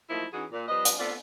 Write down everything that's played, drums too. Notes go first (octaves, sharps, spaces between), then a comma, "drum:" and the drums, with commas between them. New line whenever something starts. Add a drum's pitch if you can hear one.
F3 F#3 A3 A#3 D#4 E4
E3 C#4 D#4 F#4 G#4
A#2
F3 G3 C4 B4 D#5
drum: hi-hat
A3 B3 C4 F4 A4 D5